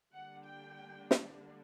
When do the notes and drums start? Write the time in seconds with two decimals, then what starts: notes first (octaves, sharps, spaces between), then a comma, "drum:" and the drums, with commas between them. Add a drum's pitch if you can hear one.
0.14 D3 G3 A#3 D4 F#5
0.47 G5
1.11 drum: snare